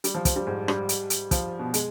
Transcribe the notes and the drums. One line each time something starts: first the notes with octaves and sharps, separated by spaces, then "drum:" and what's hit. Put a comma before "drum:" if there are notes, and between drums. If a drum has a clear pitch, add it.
G3, drum: hi-hat
F3
F3, drum: kick, hi-hat
G3
G#2
G3, drum: rim click
drum: hi-hat
drum: hi-hat
F3, drum: kick, hi-hat
B2
G#3, drum: hi-hat